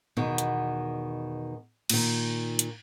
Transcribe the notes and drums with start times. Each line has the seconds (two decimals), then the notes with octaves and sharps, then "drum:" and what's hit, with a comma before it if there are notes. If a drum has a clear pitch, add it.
0.17 E2 B2 D#3
0.38 drum: hi-hat
1.90 A#2 D#3, drum: cymbal
2.59 drum: hi-hat